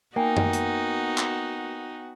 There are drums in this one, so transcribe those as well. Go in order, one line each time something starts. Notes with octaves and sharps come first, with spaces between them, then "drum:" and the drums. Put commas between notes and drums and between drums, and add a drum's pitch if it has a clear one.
A#3 B3 D#4 F#4 G5 G#5
drum: tom F#2
drum: hi-hat
drum: clap